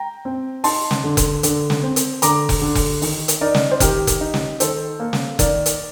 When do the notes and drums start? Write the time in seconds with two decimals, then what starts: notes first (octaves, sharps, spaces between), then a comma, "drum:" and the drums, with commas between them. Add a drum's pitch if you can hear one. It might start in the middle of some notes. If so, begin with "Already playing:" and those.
Already playing: G5 A#5
0.25 C4
0.64 D#4 A5 C6, drum: open hi-hat
0.91 drum: snare
1.04 D3
1.17 drum: kick F1, hi-hat
1.43 D3, drum: hi-hat
1.70 drum: snare
1.83 C4
1.96 drum: hi-hat
2.22 D3 A#5 D6, drum: hi-hat
2.49 drum: kick F1, open hi-hat
2.62 D3
2.75 drum: kick F1, open hi-hat
3.02 D#3, drum: open hi-hat
3.28 drum: hi-hat
3.41 D#4 A#4 D5
3.55 drum: snare
3.71 C5
3.80 D#3 G4 A#4, drum: kick F1, hi-hat
4.07 drum: kick F1, hi-hat
4.21 D#4
4.34 drum: snare
4.60 D#3 A4 C5, drum: hi-hat
5.00 A#3
5.13 drum: snare
5.39 D#3 A#4 D5, drum: kick F1, hi-hat
5.66 drum: hi-hat